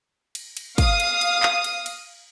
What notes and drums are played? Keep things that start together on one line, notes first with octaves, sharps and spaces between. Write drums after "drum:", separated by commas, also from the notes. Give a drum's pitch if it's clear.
drum: cymbal
drum: cymbal
F5 D#6, drum: kick, cymbal
drum: cymbal
drum: cymbal
drum: clap
drum: cymbal
drum: cymbal